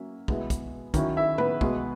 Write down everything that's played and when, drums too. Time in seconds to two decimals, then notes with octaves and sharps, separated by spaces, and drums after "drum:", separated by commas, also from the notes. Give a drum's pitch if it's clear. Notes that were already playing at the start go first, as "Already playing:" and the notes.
Already playing: F#3 A#3 C#4 E5
0.28 B2 G#3 B3 E4, drum: kick
0.50 drum: kick, hi-hat
0.94 D#3 F#3 C#4 E4, drum: kick, hi-hat
1.16 E4 E5
1.38 B3 B4, drum: tom A2
1.61 B2 G#3 B3, drum: kick